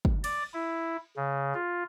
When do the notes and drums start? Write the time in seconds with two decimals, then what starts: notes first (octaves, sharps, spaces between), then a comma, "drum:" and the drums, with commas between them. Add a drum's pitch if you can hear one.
0.05 drum: kick
0.24 D5, drum: cymbal
0.54 E4
1.17 C#3
1.54 F4